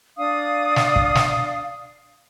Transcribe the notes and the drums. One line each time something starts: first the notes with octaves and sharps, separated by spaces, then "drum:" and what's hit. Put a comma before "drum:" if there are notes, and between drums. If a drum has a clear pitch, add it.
D4 D5 F5 D#6
drum: snare
drum: kick
drum: snare